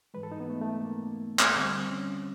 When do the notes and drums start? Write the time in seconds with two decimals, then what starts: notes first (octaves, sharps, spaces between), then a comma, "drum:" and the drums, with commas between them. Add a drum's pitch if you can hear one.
0.14 G#2 E3 G#3 B4
0.23 A4
0.32 D#4
0.40 B3
0.50 A3
0.61 A3
0.85 A#3
1.39 drum: clap
1.55 D#2 D3 G3 C4
1.90 C#4